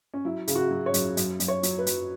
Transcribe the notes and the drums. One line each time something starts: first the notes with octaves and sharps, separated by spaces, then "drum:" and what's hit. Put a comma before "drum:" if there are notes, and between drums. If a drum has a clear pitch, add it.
C#4
F#3 E4
C#3, drum: hi-hat
F#4
F#3
C#5
F#2, drum: hi-hat
F#2, drum: hi-hat
F#2, drum: hi-hat
C#5
F#3, drum: hi-hat
B4
F#2, drum: hi-hat